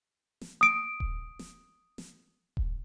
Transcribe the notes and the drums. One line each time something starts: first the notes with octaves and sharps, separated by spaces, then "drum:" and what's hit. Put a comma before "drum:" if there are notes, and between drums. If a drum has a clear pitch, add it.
drum: snare
D#6 D7
drum: kick D#1
drum: snare
drum: snare
drum: kick D#1